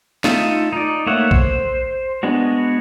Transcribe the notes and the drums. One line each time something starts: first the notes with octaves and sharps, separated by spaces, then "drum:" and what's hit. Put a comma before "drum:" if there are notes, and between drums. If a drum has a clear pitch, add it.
A3 D#4 F4 A4 E5, drum: snare
D#4 D5
A3 A#3 C#5 E5 F#5
C5, drum: kick
G#3 B3 D4 F#4